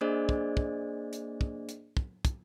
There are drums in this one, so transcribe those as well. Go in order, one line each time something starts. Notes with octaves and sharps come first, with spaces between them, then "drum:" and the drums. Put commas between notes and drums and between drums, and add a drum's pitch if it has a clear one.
A#3 D4 G#4 C5 D5 D#5
drum: kick
drum: kick
drum: hi-hat
drum: kick
drum: hi-hat
drum: kick
drum: kick, hi-hat